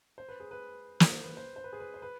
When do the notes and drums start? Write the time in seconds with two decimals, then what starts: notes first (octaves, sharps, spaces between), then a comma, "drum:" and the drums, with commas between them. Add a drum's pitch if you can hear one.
0.18 C5
0.29 B4
0.40 G#4
0.51 B4
1.00 drum: snare
1.10 C5
1.24 B4
1.37 C5
1.56 C5
1.64 B4
1.73 G#4
1.80 B4
1.94 C5
2.02 B4